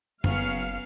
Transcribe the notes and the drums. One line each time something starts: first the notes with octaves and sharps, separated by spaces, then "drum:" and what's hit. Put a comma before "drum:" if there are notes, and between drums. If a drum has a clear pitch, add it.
F#1 F#3 B3 C#4 F5, drum: tom F#2